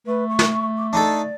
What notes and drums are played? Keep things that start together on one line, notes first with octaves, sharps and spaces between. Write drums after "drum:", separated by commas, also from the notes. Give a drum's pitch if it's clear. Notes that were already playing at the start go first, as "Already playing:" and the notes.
A3 B4
C#6
drum: snare
D6
D4 D#4 A4 D5